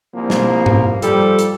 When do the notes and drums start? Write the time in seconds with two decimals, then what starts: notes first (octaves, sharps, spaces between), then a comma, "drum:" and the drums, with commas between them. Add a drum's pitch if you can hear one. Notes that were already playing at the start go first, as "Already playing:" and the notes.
0.14 C2 F3 A#3
0.30 drum: snare
0.66 drum: tom G#2
1.02 F3 G3 A4, drum: hi-hat
1.39 drum: hi-hat